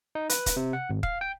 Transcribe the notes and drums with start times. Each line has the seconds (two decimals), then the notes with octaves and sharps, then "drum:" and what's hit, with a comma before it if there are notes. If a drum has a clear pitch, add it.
0.15 D#4
0.30 B4, drum: hi-hat
0.46 drum: kick, hi-hat
0.56 C3
0.73 F#5
0.90 G#1
1.03 F5, drum: kick
1.21 G5